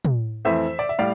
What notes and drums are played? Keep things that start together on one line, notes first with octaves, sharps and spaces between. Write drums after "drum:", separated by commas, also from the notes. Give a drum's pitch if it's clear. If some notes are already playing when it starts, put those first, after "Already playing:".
drum: tom
F2 E3 A3 C5 E5
D5
E5
A2 G3 D5 F5